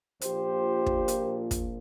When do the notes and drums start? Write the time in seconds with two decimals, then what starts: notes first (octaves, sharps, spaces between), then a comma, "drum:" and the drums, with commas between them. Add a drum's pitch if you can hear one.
0.21 A#1 A#2 F3 A#3 G4 C5, drum: hi-hat
0.86 drum: kick
1.08 drum: hi-hat
1.51 drum: kick, hi-hat